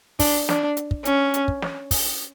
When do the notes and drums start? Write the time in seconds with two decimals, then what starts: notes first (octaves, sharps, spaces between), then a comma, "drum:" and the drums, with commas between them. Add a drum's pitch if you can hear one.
0.19 D4, drum: kick, open hi-hat
0.49 D4, drum: snare
0.77 drum: hi-hat
0.91 drum: kick
1.05 C#4, drum: hi-hat
1.34 drum: hi-hat
1.48 drum: kick
1.62 drum: snare
1.91 drum: kick, open hi-hat